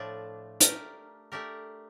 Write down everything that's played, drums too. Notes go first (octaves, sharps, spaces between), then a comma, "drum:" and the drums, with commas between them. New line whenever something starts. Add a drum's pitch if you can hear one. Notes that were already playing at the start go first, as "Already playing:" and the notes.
Already playing: A2 F3 A3 D4
A3 D4 G4 A#4, drum: hi-hat
A3 D4 G4 A#4